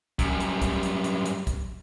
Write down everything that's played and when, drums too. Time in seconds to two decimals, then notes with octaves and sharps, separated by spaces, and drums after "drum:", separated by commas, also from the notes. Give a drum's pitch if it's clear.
0.19 F#2 G3, drum: kick, hi-hat
0.40 drum: hi-hat
0.62 drum: kick, hi-hat
0.83 drum: hi-hat
1.04 drum: hi-hat
1.26 drum: hi-hat
1.47 drum: kick, hi-hat